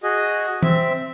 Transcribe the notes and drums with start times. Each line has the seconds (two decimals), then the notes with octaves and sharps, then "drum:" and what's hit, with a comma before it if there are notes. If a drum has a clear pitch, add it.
0.03 F#4 G#4 D#5
0.63 C4 E5, drum: tom